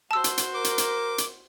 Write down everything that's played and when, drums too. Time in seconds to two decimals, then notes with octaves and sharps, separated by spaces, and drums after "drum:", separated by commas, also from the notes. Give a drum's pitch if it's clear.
0.11 F#4 C5 A5 E6
0.24 drum: hi-hat
0.38 drum: hi-hat
0.54 A#4 D6
0.64 drum: hi-hat
0.78 drum: hi-hat
1.18 drum: hi-hat